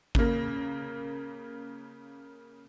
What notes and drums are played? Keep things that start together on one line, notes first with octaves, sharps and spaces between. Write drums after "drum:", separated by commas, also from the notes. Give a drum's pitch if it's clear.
C#3 A#3, drum: kick G#1